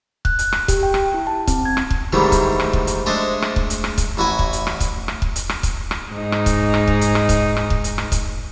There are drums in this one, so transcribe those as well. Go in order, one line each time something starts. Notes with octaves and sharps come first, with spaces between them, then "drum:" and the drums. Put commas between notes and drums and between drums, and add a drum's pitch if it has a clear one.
F#6, drum: kick C#1
drum: hi-hat
drum: rim click
G4, drum: kick C#1, hi-hat
G5
drum: rim click
E4
A5
C4, drum: kick C#1, hi-hat
G#6
drum: rim click
drum: kick C#1
G#2 D#3 E3 F#3 G3 A3
drum: kick C#1, hi-hat
drum: rim click
drum: kick C#1
drum: hi-hat
G#3 A3 D4 G#4 C5 D#5
drum: rim click
drum: kick C#1
drum: hi-hat
drum: rim click
drum: kick C#1, hi-hat
A1 E4 F#4 G#5
drum: kick C#1
drum: hi-hat
drum: rim click
drum: kick C#1, hi-hat
drum: rim click
drum: kick C#1
drum: hi-hat
drum: rim click
drum: kick C#1, hi-hat
drum: rim click
G#2 D#4
drum: rim click
drum: kick C#1, hi-hat
drum: rim click
drum: kick C#1
drum: hi-hat
drum: rim click
drum: kick C#1, hi-hat
drum: rim click
drum: kick C#1
drum: hi-hat
drum: rim click
drum: kick C#1, hi-hat